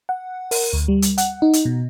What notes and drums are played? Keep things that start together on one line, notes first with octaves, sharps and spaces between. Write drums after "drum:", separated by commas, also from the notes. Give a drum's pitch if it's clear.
F#5
A#4, drum: open hi-hat
D2
G3
drum: hi-hat
F#5, drum: hi-hat
D#4
drum: hi-hat
B2